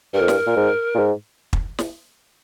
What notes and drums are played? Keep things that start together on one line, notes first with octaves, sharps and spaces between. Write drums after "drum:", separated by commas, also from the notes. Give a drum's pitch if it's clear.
G2 A#4
F2
G2, drum: snare
A#2
G#2
A#2
G#2
drum: kick
drum: snare